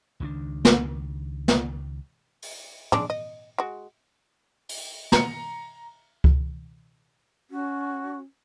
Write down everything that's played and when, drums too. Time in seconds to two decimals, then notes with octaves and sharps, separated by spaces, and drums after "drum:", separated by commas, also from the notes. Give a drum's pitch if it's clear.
0.20 C#2 D#3 C#4 D4
0.65 drum: snare
1.48 drum: snare
2.42 drum: open hi-hat
2.92 G#3 D4 D5, drum: tom
3.10 D#5
3.58 G#3 F#4
4.69 drum: open hi-hat
5.12 A#5 C#7, drum: snare
6.24 drum: kick C#2
7.51 C#4 F#4